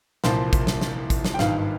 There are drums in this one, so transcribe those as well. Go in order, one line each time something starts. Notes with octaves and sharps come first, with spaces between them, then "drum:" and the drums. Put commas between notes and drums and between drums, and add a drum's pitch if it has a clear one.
C2 A#2 F3 C5, drum: snare
drum: kick, hi-hat
drum: snare
drum: snare
drum: kick, hi-hat
drum: snare
G5
G#1 G2 D#3 F5, drum: snare